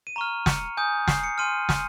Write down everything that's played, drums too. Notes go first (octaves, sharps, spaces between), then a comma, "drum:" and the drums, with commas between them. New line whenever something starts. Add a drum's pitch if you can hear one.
D#7
A#5 C#6 F6 F7
C#7, drum: snare
G#5 D#6 G6
C7, drum: snare
C#7
G#5 C6 F6 D#7
drum: snare